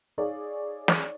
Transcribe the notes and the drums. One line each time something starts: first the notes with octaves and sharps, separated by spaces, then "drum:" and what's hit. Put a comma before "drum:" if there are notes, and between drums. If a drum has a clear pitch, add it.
D#4 G#4 C#5 D5 F5
drum: snare